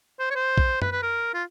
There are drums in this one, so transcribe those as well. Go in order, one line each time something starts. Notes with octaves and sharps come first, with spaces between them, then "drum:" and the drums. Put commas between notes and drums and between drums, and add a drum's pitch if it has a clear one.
C5
C#5
C5
drum: kick A#1
B4, drum: tom F#2
B4
A#4
F4